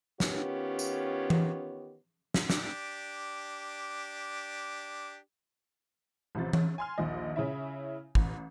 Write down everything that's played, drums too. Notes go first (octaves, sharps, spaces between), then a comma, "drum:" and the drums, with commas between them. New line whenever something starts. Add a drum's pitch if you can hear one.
D#3 B3 C#4 F4 G4 C#5, drum: snare
drum: tambourine
drum: tom E3
drum: snare
D4 G4, drum: snare
A1 C3 F3 A6
C#4, drum: tom E3
G#5 C6 F6
A#1 D#2 D#5
C#3 C#4 E4 E5
A1, drum: kick